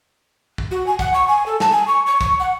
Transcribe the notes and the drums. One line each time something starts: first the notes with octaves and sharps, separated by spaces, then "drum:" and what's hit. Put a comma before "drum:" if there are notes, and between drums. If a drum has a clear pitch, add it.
drum: kick
F#4
G#5
F#5, drum: kick
C#6
G#5
A4
A5, drum: snare
G#5
C#6
C#6
C#6, drum: kick
F#5